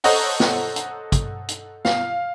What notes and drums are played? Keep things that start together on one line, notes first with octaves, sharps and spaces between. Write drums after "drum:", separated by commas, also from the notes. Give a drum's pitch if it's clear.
A4 C5 C#5 D#5 F#5 A#5, drum: open hi-hat
drum: snare
drum: hi-hat
drum: kick, hi-hat
drum: hi-hat
F5, drum: snare